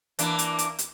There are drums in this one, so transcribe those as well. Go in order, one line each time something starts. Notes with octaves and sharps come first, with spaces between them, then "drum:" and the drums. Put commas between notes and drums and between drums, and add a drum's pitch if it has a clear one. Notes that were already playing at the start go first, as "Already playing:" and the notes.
E3 A#3 D4, drum: hi-hat
drum: hi-hat
drum: hi-hat
drum: hi-hat